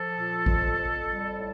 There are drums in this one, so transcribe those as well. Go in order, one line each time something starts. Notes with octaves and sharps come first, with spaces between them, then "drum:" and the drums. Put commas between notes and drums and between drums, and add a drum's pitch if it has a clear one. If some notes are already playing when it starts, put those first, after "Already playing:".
Already playing: F3 A4
A#2
F2, drum: kick G#1
F2
G3
A2